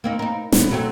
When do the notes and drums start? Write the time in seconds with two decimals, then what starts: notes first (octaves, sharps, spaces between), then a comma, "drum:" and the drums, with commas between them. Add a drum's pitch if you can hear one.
0.04 A#3 C4 D#4
0.19 D#4 A#4
0.52 B2, drum: snare
0.71 F#3 A3 C4